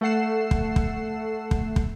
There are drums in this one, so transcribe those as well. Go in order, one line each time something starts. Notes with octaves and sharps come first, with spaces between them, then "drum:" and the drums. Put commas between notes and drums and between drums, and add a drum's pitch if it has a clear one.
A3 A4 F#5 C7 E7
drum: kick
drum: kick
drum: kick
drum: kick